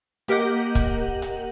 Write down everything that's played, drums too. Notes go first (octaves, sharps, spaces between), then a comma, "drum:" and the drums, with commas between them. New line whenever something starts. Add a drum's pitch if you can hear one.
A#3 G4 A#4 D#5 F#5 G6, drum: hi-hat
drum: kick, hi-hat
drum: hi-hat